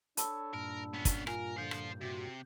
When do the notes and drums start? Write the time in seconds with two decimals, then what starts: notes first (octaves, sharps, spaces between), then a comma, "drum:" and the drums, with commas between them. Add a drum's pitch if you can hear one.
0.17 D4 A4 C#5 A5 B5 E6, drum: hi-hat
0.54 G2 A#2 A#4
0.94 B3 C#4
1.05 drum: kick, hi-hat
1.27 F4 A#4 G#5, drum: rim click
1.58 D3 C5 F5 G6
1.71 drum: rim click
2.01 C3 F#4